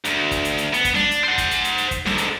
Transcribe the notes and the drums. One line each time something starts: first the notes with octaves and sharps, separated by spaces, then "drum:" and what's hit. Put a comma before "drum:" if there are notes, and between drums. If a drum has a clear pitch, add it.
D2, drum: hi-hat
drum: kick, hi-hat
drum: hi-hat
drum: hi-hat
B3, drum: hi-hat
drum: kick, hi-hat
D4, drum: snare
drum: hi-hat
C5 F#5
drum: kick, hi-hat
drum: hi-hat
drum: hi-hat
drum: hi-hat
drum: kick, hi-hat
G#2 D3, drum: snare
drum: hi-hat